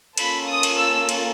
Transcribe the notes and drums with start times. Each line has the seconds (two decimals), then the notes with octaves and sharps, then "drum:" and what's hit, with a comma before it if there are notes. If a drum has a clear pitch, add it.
0.18 A#3 C#4 F4 A4 B5, drum: cymbal
0.48 D#6
0.63 drum: cymbal
0.78 E6
1.09 drum: cymbal